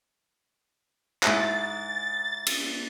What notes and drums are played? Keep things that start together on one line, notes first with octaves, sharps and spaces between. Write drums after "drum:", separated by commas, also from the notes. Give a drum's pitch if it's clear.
G#2 E4 F#6 A6, drum: clap
drum: cymbal